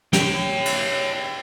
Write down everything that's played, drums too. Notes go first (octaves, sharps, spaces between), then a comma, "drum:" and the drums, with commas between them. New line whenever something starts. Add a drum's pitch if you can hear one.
C#5 G5, drum: snare
drum: cymbal